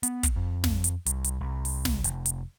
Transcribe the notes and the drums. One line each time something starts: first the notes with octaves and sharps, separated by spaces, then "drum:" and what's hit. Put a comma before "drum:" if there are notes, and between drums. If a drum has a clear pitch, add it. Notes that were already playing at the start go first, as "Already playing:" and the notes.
B3, drum: hi-hat
drum: kick, hi-hat
F2
drum: snare
drum: hi-hat
C2, drum: hi-hat
drum: hi-hat
C2
drum: open hi-hat
drum: snare
F1, drum: hi-hat
drum: hi-hat